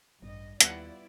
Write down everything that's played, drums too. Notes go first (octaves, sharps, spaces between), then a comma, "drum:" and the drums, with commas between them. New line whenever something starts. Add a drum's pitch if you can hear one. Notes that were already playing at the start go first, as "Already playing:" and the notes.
A1 G2 D#5
D#2 G3 B3 E4 F4 D5 F#5, drum: hi-hat